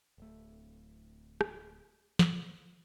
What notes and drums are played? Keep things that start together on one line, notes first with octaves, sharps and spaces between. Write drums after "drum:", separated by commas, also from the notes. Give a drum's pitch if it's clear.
D1 A3
drum: rim click
drum: snare